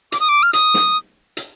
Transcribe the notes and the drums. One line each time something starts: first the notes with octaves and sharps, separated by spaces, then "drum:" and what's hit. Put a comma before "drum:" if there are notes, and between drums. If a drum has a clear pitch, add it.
D6, drum: hi-hat
D#6
D6
F6
D#6, drum: hi-hat
drum: snare
drum: hi-hat